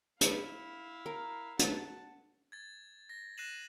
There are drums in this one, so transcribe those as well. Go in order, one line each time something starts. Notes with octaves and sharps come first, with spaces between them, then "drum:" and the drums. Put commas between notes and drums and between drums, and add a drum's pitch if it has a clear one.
E4 F5, drum: hi-hat
A#4
F#5 A5, drum: hi-hat
G#6 A6
A#6
F#6 A#6 C7 D#7 E7 F#7